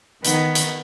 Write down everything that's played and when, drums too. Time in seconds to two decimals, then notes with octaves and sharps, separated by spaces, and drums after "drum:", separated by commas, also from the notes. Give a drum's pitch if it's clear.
0.24 D#3 B3, drum: hi-hat
0.55 drum: hi-hat